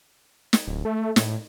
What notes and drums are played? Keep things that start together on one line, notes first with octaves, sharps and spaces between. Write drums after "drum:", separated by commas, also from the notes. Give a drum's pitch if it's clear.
drum: snare
D1
A3
A2, drum: snare